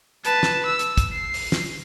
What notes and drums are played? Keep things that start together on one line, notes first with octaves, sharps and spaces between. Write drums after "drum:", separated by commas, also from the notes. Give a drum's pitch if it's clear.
B4 A5, drum: hi-hat
drum: snare
E6
drum: hi-hat
drum: kick, hi-hat
C7
drum: open hi-hat
drum: snare